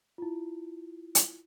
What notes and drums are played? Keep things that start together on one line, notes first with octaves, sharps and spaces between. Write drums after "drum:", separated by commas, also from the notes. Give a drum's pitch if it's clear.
E4 F4
drum: hi-hat